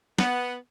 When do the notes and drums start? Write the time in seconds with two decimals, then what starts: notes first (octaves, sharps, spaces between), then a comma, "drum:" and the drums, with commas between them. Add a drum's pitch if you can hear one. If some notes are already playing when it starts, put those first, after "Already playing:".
0.19 B3, drum: snare